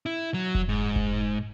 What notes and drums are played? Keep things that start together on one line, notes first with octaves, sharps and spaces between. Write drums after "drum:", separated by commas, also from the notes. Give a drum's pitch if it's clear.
E4
F#3
drum: kick F1
G#2
drum: kick F1